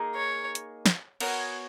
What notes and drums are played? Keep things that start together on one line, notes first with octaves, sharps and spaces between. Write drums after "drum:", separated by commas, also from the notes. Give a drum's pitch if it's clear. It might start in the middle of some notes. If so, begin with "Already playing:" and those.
Already playing: A#3 D#4 G#4
C#5
drum: hi-hat
drum: snare
B3 F#4 A#4 C#5 G#5, drum: cymbal